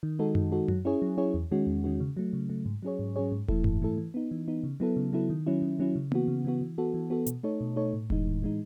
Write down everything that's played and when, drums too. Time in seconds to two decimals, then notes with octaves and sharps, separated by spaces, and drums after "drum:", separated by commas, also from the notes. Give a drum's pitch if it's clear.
0.03 D#3
0.19 G#3 D#4 F#4 A4
0.35 D#3, drum: tom F#2
0.52 G#3 D#4 F#4 A4
0.68 F#3, drum: tom F#2
0.85 C#4 E4 G#4 C#5
1.02 F#3
1.18 C#4 E4 G#4 C#5
1.34 E2
1.51 D#3 G#3 C#4 F#4
1.67 E2
1.84 D#3 G#3 C#4 F#4
2.00 C#3
2.17 F#3 A3
2.33 C#3
2.50 F#3 A3
2.65 G#2
2.83 F#3 C#4 G#4 C#5
2.99 G#2
3.16 F#3 C#4 G#4 C#5
3.32 G#2
3.48 E3 A3 E4 A4, drum: kick E1
3.64 G#2, drum: tom F#2
3.82 E3 A3 E4 A4
3.98 E3
4.14 B3 D#4
4.31 E3
4.48 B3 D#4
4.64 C#3
4.80 F#3 B3 E4 A4
4.96 C#3
5.13 F#3 B3 E4 A4
5.30 D#3
5.46 F#3 C#4 E4
5.62 D#3
5.79 F#3 C#4 E4
5.96 C#3
6.12 E3 B3 F#4, drum: tom A#3
6.28 C#3
6.45 E3 B3 F#4
6.61 E3
6.78 B3 F#4 A4
6.94 E3
7.10 B3 F#4 A4
7.26 B2, drum: hi-hat
7.43 A3 D#4 A4 C#5
7.61 B2
7.76 A3 D#4 A4 C#5
7.93 A2
8.10 E3 G#3 D#4, drum: kick E1
8.26 A2
8.42 E3 G#3 D#4